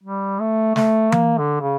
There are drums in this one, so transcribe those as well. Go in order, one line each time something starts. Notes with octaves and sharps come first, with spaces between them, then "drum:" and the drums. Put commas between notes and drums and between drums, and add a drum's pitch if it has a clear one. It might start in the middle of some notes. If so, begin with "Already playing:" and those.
G3
A3
A3, drum: snare
A#3, drum: tom E3
D3
C#3